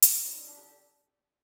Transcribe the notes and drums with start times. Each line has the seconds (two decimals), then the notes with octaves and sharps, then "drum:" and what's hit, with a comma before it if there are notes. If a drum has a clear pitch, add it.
0.02 drum: hi-hat
0.24 D3 G3 C#4 D#4
0.36 C#4 D#4
0.47 D4 E4
0.58 G4 A4